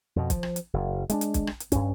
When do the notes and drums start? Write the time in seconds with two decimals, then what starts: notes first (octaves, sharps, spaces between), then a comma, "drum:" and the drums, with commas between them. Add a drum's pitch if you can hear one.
0.16 F2 B2
0.30 F3, drum: kick, hi-hat
0.43 drum: rim click
0.56 drum: hi-hat
0.73 F#1
1.10 G#3 C#4 D4, drum: hi-hat
1.21 drum: hi-hat
1.34 drum: kick, hi-hat
1.47 drum: rim click
1.60 drum: hi-hat
1.72 G2 C#4, drum: kick, hi-hat